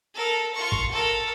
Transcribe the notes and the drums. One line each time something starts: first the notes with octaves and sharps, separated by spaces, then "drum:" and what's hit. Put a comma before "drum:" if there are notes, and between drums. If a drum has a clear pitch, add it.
A4 A#4
F4 C#6
drum: kick
A4 A#4